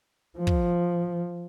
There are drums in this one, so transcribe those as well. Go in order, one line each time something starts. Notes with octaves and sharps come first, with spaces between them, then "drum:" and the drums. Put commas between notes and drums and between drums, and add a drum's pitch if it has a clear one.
F3
drum: kick